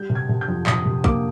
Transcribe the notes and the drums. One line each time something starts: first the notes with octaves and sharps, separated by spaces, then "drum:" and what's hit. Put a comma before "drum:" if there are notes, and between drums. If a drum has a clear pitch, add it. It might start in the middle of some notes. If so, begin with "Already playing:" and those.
Already playing: G3 G6
C3
G#6
C3
G6
F2
C3 D#6, drum: clap
C3
A#3 D6, drum: kick